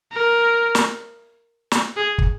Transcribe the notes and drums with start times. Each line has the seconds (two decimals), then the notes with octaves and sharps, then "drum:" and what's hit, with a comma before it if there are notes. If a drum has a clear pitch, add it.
0.12 A#4
0.75 drum: snare
1.72 drum: snare
1.96 G#4
2.18 drum: kick